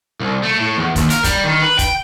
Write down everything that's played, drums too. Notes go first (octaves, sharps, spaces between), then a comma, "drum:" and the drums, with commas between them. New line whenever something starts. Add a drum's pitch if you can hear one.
C2
A3
A2
E2
D#2, drum: kick, hi-hat
A#4, drum: hi-hat
G3, drum: kick, hi-hat
D#3
B4
G5, drum: kick, hi-hat